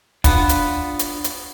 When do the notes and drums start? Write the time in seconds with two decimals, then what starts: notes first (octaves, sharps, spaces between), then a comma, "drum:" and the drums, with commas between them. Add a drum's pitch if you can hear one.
0.24 B3 D4 F4, drum: kick, hi-hat
0.49 drum: hi-hat
0.99 drum: hi-hat
1.24 drum: hi-hat